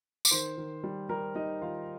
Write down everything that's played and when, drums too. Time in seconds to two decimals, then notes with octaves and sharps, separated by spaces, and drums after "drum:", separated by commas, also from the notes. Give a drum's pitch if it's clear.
0.25 D6, drum: tambourine
0.31 D#3 C5 C6
0.58 D#3
0.84 G3
1.09 G3 A#4 A#5
1.35 G3 D#4 D#5
1.61 D#3 F4 F5